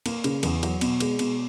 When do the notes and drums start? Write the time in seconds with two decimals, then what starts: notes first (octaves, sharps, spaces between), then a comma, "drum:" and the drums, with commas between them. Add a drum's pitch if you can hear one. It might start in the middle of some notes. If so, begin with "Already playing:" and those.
0.06 A#3, drum: cymbal
0.24 C#3, drum: cymbal
0.43 E2, drum: cymbal
0.63 F#3, drum: cymbal
0.81 B2, drum: cymbal
1.00 G#3, drum: cymbal
1.19 B2, drum: cymbal